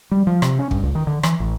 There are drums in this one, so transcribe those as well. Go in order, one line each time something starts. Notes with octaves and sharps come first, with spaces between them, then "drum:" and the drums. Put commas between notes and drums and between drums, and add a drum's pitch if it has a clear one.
G3
F3
C3, drum: rim click
C#4
G2, drum: kick
C#2
D#3
D3
E3, drum: rim click
A1